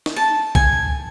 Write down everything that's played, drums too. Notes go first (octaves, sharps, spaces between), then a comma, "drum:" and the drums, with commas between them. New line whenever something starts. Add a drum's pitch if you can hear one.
drum: snare
A5
G#5, drum: kick